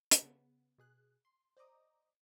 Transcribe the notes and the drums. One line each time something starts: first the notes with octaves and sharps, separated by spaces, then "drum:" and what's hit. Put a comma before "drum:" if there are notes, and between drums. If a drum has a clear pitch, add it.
drum: hi-hat
C#3 B3
B2 G#4 F#6
C6
C5 D5 D#5 A#5 D6 D#6